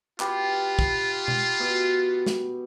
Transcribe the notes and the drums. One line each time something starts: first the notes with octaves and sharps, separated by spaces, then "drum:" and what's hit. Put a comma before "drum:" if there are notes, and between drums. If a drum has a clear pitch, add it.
B3 F4 G4 B4, drum: clap
drum: kick
drum: tom B2
B2
drum: snare